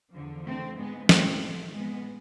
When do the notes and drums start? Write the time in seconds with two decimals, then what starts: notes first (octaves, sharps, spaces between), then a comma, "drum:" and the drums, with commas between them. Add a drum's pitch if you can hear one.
0.13 E2 D3 F3
0.45 A3 C4
0.77 G#2 F3 G#3 B3
1.09 A3 C4, drum: snare
1.42 A2 F3 A3 C4
1.74 G#3 B3